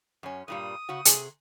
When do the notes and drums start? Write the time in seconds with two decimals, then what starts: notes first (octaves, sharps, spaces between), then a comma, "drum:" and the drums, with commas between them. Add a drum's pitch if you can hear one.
0.23 F#2 C#4
0.48 G2 A#2 G3 D#6
0.89 C#3 C#4 F#4
1.05 C3 G#4, drum: hi-hat